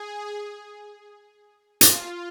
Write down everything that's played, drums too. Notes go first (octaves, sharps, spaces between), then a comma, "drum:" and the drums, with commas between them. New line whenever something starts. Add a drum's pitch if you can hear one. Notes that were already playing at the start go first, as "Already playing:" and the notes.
Already playing: G#4
F4, drum: hi-hat